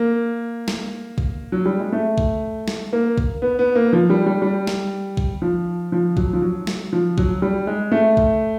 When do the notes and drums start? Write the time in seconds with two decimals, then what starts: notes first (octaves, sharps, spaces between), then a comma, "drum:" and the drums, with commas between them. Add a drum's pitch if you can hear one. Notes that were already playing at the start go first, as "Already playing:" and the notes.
Already playing: A#3
0.68 drum: snare
1.18 drum: kick B1
1.52 F#3
1.66 G3
1.80 G#3
1.92 A3
2.18 drum: kick B1
2.68 drum: snare
2.93 A#3
3.18 drum: kick B1
3.42 B3
3.59 B3
3.75 A#3
3.93 F3
4.10 G3
4.26 G3
4.42 G3
4.67 drum: snare
5.17 drum: kick B1
5.42 F3
5.92 F3
6.17 F#3, drum: kick B1
6.33 F3
6.42 F#3
6.67 drum: snare
6.93 F3
7.18 F#3, drum: kick B1
7.42 G3
7.67 G#3
7.92 A3
8.17 drum: kick B1